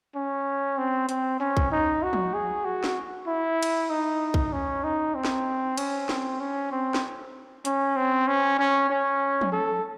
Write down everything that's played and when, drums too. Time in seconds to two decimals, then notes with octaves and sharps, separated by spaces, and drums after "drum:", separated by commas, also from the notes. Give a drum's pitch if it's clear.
0.15 C#4
0.78 C4
1.09 C4, drum: hi-hat
1.40 C#4
1.57 drum: kick
1.72 D#4
2.03 F#4
2.13 drum: tom F3
2.34 G#4
2.65 F#4
2.84 drum: snare
3.27 E4
3.63 drum: cymbal
3.90 D#4
4.34 drum: kick
4.53 C#4
4.84 D#4
5.15 C4
5.25 drum: snare
5.77 C#4, drum: cymbal
6.09 C4, drum: snare
6.40 C#4
6.72 C4
6.94 drum: snare
7.65 C#4, drum: hi-hat
7.96 C4
8.28 C#4
8.59 C#4
8.90 C#4
9.41 drum: tom F3
9.52 A4